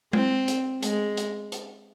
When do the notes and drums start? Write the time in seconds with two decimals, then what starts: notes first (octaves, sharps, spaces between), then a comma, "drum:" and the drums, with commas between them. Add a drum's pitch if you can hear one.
0.13 C4, drum: tom G#3
0.48 drum: hi-hat
0.83 G#3, drum: hi-hat
1.17 drum: hi-hat
1.52 drum: hi-hat